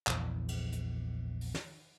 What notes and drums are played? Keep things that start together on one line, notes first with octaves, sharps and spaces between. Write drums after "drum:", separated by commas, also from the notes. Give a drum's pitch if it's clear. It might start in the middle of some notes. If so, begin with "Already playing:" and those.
A#1 E2 E3, drum: clap
drum: cymbal
drum: hi-hat
drum: open hi-hat
drum: snare